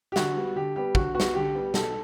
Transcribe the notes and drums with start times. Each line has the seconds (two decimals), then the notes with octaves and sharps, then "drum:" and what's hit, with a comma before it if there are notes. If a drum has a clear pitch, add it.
0.12 G4
0.16 D3 F#4, drum: snare
0.37 G3 B3
0.56 D3 G4
0.76 G3 B3 G4
0.95 D3 F#4, drum: kick
1.15 B3 F#4
1.20 G3, drum: snare
1.35 D3 G4
1.55 G3 B3
1.74 B2 A4, drum: snare